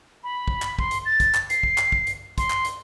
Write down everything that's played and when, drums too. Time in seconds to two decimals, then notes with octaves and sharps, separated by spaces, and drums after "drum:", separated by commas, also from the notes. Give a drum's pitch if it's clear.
0.24 B5
0.48 drum: kick
0.62 drum: clap
0.79 C6, drum: kick
0.91 drum: hi-hat
1.05 A6
1.20 drum: kick, hi-hat
1.34 drum: clap
1.50 C7, drum: hi-hat
1.63 drum: kick
1.78 drum: clap
1.92 drum: kick
2.07 drum: hi-hat
2.38 C6, drum: kick, hi-hat
2.50 drum: clap
2.65 drum: hi-hat